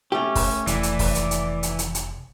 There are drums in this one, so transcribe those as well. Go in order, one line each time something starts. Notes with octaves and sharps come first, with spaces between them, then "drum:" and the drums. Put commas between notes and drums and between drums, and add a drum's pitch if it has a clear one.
A3 C#4 G4
drum: kick, open hi-hat
F1 E3 D5, drum: hi-hat
drum: hi-hat
drum: kick, open hi-hat
drum: hi-hat
drum: hi-hat
drum: hi-hat
drum: hi-hat
drum: hi-hat